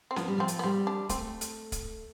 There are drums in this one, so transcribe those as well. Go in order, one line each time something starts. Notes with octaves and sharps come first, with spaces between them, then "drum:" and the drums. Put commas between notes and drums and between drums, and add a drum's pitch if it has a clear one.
C4
F3 B3, drum: snare C#4
G3
F3 C4
drum: hi-hat
B3
G3 C4
D4
A3 C4, drum: kick, hi-hat
drum: hi-hat
drum: kick, hi-hat